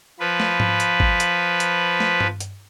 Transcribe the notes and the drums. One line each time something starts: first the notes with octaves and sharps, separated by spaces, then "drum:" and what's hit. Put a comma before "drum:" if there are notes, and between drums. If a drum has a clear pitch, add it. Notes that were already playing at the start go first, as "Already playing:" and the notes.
F3 B4
drum: snare
drum: tom G#2
drum: hi-hat
drum: kick
drum: hi-hat
drum: hi-hat
drum: snare
drum: tom G2
drum: hi-hat